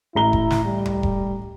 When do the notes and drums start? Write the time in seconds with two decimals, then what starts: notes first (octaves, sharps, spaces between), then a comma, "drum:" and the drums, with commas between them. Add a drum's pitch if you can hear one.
0.15 A1 E4 A#5 G7
0.33 drum: kick E1
0.50 drum: snare
0.65 G3
0.86 drum: tom C#2
1.03 drum: kick E1